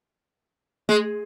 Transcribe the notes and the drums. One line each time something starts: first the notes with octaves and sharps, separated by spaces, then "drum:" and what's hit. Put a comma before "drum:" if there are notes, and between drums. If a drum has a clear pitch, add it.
G#3, drum: tom A3